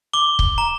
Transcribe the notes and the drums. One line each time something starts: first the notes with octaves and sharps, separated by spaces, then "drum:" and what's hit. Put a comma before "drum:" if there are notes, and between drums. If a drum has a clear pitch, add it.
D6 G7
drum: kick
A#5